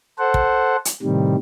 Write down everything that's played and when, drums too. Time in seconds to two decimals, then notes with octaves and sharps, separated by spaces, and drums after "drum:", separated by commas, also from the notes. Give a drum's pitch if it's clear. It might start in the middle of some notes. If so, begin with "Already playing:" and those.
0.18 A4 C5 F#5
0.34 drum: kick
0.85 drum: hi-hat
1.02 A2 C3 D#3 G3